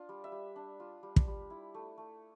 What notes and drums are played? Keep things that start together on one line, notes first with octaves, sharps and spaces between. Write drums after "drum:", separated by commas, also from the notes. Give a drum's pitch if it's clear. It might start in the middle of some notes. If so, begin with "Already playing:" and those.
Already playing: D4 F4
G3
E5
G3
D4
F4
G3
drum: kick
G3
E4
A3
A3